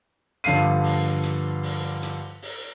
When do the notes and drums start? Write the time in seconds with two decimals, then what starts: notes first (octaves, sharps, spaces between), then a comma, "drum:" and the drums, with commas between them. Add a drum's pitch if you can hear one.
0.44 G2 D3 F3 F5 C7 D#7, drum: hi-hat
0.84 drum: open hi-hat
1.23 drum: hi-hat
1.63 drum: open hi-hat
2.03 drum: hi-hat
2.42 drum: open hi-hat